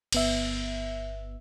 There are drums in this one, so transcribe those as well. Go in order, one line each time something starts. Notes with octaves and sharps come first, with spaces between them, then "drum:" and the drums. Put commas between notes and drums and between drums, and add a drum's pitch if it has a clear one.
G1 B3 E5, drum: cymbal